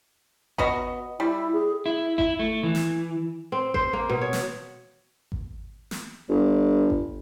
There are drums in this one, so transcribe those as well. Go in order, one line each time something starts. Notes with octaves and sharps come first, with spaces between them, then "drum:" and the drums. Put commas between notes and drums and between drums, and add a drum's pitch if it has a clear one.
B3 F#4 D#5, drum: kick G#1
G3 E4
G#4
E4
E4, drum: kick G#1
A3
E3
drum: snare
C4
C5, drum: kick G#1
A#3
B2
C#5
drum: snare
drum: kick G#1
drum: snare
G1
drum: kick G#1